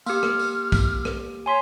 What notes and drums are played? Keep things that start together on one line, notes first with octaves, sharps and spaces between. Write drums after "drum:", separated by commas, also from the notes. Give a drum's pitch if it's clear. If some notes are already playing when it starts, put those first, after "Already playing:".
A#3 G4 F6, drum: tambourine
drum: rim click
drum: tambourine
drum: kick, tambourine
drum: rim click
C#5 G#5 C6 B6